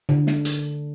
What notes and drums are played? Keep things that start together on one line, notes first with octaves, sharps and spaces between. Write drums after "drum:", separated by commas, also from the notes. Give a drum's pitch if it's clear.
D3
drum: snare
drum: hi-hat